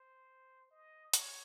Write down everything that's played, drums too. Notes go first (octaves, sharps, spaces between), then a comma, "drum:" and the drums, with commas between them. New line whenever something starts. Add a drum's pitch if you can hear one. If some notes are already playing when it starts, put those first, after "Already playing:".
Already playing: C5
D#5
C#5, drum: hi-hat